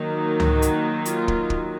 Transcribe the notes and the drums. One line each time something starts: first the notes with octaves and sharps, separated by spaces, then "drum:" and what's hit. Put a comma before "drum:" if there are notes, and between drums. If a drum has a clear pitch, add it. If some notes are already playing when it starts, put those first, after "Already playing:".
Already playing: D#3 F#3 A#3 D#4
F#4, drum: tom C#2
drum: hi-hat
F4, drum: hi-hat
drum: kick
drum: kick